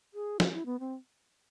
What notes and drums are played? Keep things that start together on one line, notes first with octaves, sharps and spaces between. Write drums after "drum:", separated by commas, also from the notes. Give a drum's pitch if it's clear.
G#4
F4, drum: snare
E4
B3
C4